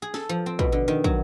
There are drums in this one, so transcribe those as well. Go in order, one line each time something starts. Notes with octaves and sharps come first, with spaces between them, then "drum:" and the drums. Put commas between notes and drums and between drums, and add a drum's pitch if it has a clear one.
G#4
A4, drum: snare
F3
C4
B2, drum: kick
D3
D#3
F#3, drum: kick